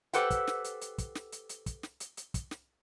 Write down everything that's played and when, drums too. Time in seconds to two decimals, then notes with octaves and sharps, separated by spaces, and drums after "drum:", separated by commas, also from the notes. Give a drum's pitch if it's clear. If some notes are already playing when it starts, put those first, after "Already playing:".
0.13 G4 A4 B4 C5 F#5 G5, drum: hi-hat
0.30 drum: kick, hi-hat
0.47 drum: snare
0.64 drum: hi-hat
0.81 drum: hi-hat
0.98 drum: kick, hi-hat
1.15 drum: snare
1.32 drum: hi-hat
1.49 drum: hi-hat
1.66 drum: kick, hi-hat
1.83 drum: snare
2.00 drum: hi-hat
2.17 drum: hi-hat
2.34 drum: kick, hi-hat
2.51 drum: snare